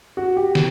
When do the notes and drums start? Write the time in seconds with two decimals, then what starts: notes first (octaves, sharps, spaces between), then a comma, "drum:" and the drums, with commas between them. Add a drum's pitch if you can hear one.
0.17 F#4
0.37 G4
0.55 drum: snare